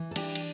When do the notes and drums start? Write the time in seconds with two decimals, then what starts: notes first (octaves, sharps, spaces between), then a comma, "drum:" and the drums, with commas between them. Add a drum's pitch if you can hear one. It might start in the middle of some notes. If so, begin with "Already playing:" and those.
Already playing: E3
0.11 A4
0.16 D4 G4, drum: cymbal
0.35 drum: cymbal